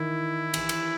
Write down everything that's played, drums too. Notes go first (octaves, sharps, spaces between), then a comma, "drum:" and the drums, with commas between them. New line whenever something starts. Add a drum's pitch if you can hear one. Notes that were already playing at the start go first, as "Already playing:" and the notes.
Already playing: D#3 E3 E4
E3, drum: cymbal
drum: cymbal